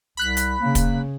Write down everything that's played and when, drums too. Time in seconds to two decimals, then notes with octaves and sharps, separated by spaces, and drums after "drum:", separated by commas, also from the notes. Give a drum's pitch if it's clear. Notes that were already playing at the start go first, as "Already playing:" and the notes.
0.17 C2 B5 F#6 B6
0.37 drum: hi-hat
0.61 C#3 A#3
0.75 drum: kick, hi-hat